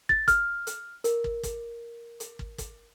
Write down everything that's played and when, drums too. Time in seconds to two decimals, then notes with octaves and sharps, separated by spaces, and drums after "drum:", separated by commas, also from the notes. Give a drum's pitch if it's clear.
0.09 A6, drum: kick
0.28 F6, drum: kick, hi-hat
0.67 drum: hi-hat
1.04 A#4, drum: hi-hat
1.24 drum: kick
1.43 drum: kick, hi-hat
2.20 drum: hi-hat
2.39 drum: kick
2.58 drum: kick, hi-hat